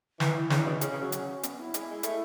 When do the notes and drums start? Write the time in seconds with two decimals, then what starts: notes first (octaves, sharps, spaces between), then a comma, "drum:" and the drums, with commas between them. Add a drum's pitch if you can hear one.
0.20 E3, drum: snare
0.35 E4
0.50 C#3 D4, drum: snare
0.61 B2 E4
0.72 C#4
0.81 C#3, drum: hi-hat
0.92 C#3
1.01 F#3
1.12 drum: hi-hat
1.43 B3, drum: hi-hat
1.59 E4
1.74 G#3, drum: hi-hat
1.89 G#3
2.03 A3, drum: hi-hat